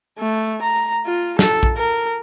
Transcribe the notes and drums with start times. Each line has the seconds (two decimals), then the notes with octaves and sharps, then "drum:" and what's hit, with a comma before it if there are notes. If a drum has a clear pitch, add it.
0.19 A3
0.62 A#5
1.05 F4
1.39 A4, drum: snare
1.63 drum: kick A#1
1.77 A#4